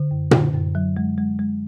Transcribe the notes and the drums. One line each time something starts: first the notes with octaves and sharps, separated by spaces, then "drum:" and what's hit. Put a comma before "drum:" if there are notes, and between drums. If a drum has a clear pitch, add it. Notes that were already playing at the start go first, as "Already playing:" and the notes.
Already playing: D3
F#2
D3, drum: tom A#2
F#2
F#3
G#3
G#3
G#3